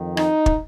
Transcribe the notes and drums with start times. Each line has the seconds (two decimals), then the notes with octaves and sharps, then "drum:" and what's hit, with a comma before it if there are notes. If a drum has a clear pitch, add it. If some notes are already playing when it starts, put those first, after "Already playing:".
Already playing: F2 D#3
0.17 D#4, drum: rim click
0.46 drum: kick